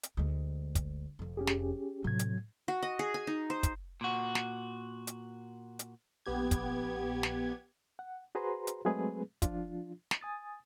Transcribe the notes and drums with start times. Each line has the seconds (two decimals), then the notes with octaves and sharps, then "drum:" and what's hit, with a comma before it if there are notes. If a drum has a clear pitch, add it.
0.03 drum: hi-hat
0.17 D2 G#3
0.75 drum: kick, hi-hat
1.19 F1 F2
1.37 C#4 G4 G#4
1.47 drum: snare
2.04 A2 C3 F#3 G#6
2.19 drum: hi-hat
2.68 F#4
2.83 D#5
2.99 G#4
3.14 G#5
3.27 D#4
3.50 C5
3.63 drum: kick, hi-hat
4.01 A#2 F#4
4.35 drum: snare
5.07 drum: hi-hat
5.79 drum: hi-hat
6.26 A#1 B3 G4 G#6
6.51 drum: kick, hi-hat
7.23 drum: snare
7.99 F#5
8.35 F#4 G#4 B4 C5 A#5 C6
8.67 drum: hi-hat
8.85 F#3 G#3 A3 C4 G#4 B4
9.42 F3 D4 F4, drum: kick, hi-hat
10.11 drum: snare
10.21 G#5 D#6 A6